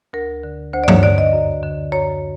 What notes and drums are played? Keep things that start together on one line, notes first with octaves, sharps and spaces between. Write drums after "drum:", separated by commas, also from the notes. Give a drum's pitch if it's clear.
D2 A#4
D3
D2 C5
D5
C#5, drum: tom G2
D3 D5
D#5
F#2
D3
F#2 C#5